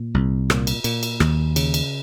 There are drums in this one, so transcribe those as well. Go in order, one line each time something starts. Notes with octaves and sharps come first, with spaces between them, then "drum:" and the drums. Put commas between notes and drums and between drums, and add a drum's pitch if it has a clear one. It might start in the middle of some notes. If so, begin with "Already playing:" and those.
Already playing: A#2
C2
A#2, drum: rim click
drum: cymbal
A#2, drum: cymbal
drum: cymbal
D#2, drum: rim click
C#3, drum: cymbal
drum: cymbal